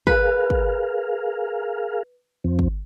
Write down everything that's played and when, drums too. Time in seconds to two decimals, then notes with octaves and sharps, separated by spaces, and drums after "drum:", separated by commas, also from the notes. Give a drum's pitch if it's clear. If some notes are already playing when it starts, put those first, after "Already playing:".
0.07 G#4 A#4 B4 F5, drum: kick
0.50 drum: kick
2.44 F2 F3 C4
2.59 drum: kick